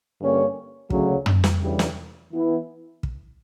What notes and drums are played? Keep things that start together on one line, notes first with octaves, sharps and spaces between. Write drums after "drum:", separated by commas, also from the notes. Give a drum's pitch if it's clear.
G2 D3 A#3 C#4
D2 C#3 F#3, drum: kick
drum: tom
drum: snare
D2 C#3 E3 G3
drum: snare
E3 B3 E4
drum: kick